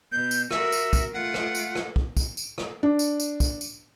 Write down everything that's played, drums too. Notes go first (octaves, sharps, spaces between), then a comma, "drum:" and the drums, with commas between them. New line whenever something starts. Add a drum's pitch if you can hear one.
B2 G6
drum: tambourine
F#4 A#4 E5, drum: rim click
drum: tambourine
drum: kick, tambourine
A3 F4 F#5
drum: rim click
drum: tambourine
drum: rim click
drum: kick
drum: kick, tambourine
drum: tambourine
drum: rim click
D4
drum: tambourine
drum: tambourine
drum: kick, tambourine
drum: tambourine